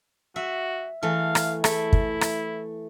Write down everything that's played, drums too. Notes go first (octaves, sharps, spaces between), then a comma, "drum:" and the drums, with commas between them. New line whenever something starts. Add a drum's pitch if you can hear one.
F#4 E5
E3 A3 F5
drum: rim click
A3 E4, drum: rim click
drum: kick
drum: rim click